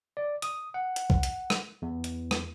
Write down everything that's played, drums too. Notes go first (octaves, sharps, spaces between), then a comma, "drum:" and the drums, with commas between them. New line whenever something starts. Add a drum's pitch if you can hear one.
D5
D#6, drum: hi-hat
F#5
drum: hi-hat
drum: kick
drum: hi-hat
drum: rim click
E2
drum: hi-hat
drum: rim click